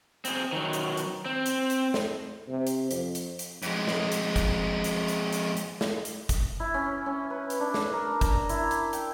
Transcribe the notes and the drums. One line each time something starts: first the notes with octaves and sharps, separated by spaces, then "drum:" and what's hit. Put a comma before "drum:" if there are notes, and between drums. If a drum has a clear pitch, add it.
C4 G#4, drum: hi-hat
D#3 F#3
drum: hi-hat
drum: hi-hat
C4
drum: hi-hat
drum: hi-hat
drum: snare
C3
drum: hi-hat
F2, drum: hi-hat
drum: hi-hat
drum: hi-hat
F2 G#3, drum: hi-hat
drum: snare
drum: hi-hat
drum: kick, hi-hat
drum: hi-hat
drum: hi-hat
drum: hi-hat
drum: hi-hat
drum: snare
drum: hi-hat
drum: kick, hi-hat
E4
C#4
C#4
B4
drum: hi-hat
D4
drum: snare
A#4
A#5, drum: kick, hi-hat
E4, drum: hi-hat
drum: hi-hat
G5, drum: hi-hat